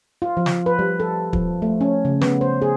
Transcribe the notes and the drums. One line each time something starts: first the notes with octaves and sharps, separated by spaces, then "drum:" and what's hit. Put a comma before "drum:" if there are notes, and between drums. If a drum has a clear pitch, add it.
F4
F3
drum: snare
B4
G3
A4
F3, drum: kick
A3
C#4
C#3
B3, drum: snare
C5
G#4